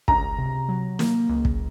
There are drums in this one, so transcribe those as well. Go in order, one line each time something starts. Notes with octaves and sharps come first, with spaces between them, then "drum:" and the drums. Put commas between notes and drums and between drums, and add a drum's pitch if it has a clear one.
C#2 A#5, drum: kick
C3
F#3
A#3, drum: snare
C#2
drum: kick